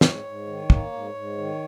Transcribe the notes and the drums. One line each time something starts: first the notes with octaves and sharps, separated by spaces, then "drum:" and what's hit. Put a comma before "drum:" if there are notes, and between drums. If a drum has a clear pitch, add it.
G#2 C#5, drum: snare
G#2
D#3
A#3, drum: kick
G#2
G#2
D#3